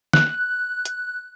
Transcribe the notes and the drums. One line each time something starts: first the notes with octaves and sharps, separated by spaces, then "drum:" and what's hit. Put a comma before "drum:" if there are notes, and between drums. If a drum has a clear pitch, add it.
F#6, drum: snare
drum: hi-hat